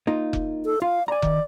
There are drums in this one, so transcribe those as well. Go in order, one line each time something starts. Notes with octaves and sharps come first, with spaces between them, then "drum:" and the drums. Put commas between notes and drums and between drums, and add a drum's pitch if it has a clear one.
A#3 D#4 F4
drum: kick F1
A4
F4 F5
D5 G#5 A#5
D#3, drum: kick F1